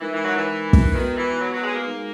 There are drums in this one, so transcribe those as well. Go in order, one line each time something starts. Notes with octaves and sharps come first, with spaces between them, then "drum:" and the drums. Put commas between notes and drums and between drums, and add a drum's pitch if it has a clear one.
E3 G#3 D#4 A#4 E5
E3
F#3
E3
drum: kick
D#3 B3 F#4 B4
E3
F#3
F#3
G#3
A#3
G#3 D#4 G#4